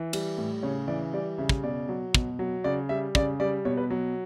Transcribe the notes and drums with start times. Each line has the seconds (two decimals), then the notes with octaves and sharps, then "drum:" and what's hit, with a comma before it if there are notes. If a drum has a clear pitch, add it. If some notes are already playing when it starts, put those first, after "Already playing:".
Already playing: E3
0.13 G3, drum: cymbal
0.38 A2
0.63 C#3 C#5
0.88 E3 D5
1.13 G3 D5
1.38 C#3 E5
1.49 drum: kick
1.64 B2 D5
1.89 F#3
2.15 B2, drum: kick
2.39 F#3
2.64 C#3 D5
2.89 G3 E5
3.15 C#3 D5, drum: kick
3.40 G3 D5
3.65 B2 C#5
3.77 B4
3.90 F#3